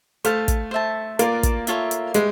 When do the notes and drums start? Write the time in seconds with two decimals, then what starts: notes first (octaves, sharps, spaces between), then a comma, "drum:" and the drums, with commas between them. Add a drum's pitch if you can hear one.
0.25 A3 C5 F5 A5, drum: hi-hat
0.48 drum: kick, hi-hat
0.71 C5 E5 A5
1.19 A#3 F4 A#4 D5, drum: hi-hat
1.43 drum: kick, hi-hat
1.67 F4 A4 C#5 E5, drum: hi-hat
1.91 drum: hi-hat
2.14 G#3 G4 B4 E5, drum: hi-hat